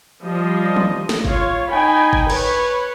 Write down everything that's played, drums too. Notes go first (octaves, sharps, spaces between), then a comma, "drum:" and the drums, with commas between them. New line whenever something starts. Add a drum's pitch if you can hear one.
F3 G3 D#5
drum: tom
drum: snare
F4 C#5, drum: kick G1
D#4 G5 G#5 B5
drum: kick G1
B4 C#5, drum: cymbal